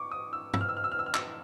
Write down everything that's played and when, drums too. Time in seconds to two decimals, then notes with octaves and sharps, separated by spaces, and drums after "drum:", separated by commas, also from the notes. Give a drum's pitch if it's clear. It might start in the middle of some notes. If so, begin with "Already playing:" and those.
Already playing: C#6 D6
0.11 D#6
0.33 E6
0.54 E6, drum: tom
0.61 F6
0.69 E6
0.77 F6
0.84 E6
0.92 F6
0.99 E6
1.06 F6
1.14 E6, drum: clap